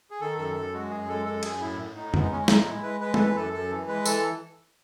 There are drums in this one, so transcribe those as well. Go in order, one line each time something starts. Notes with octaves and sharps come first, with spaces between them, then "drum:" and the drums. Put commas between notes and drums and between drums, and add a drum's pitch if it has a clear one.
G#4
D#3 A4
F#2 A4
F#2 A4
G#3 F#4
F#2 G#4
G#3 A4
F#2 A4
F#2 G#4, drum: cymbal
A2 E4
A2
A2 D#4
G#3 B3, drum: tom F2
D#4
G#3 C#4
C#4
A2 D#4, drum: snare
G#3 E4
G#3 B4
G#3 B4
A4, drum: tom G#3
E3 B4
F#2 A4
F#2 A4
E3
G#3 B4
E3 A4, drum: tambourine